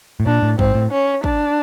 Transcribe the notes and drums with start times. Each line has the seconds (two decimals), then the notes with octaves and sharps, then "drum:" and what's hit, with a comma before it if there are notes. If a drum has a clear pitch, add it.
0.20 A2
0.26 A#2 D4
0.42 A2
0.59 G#2 C4, drum: kick
0.75 A2
0.91 C#4
1.24 D4, drum: kick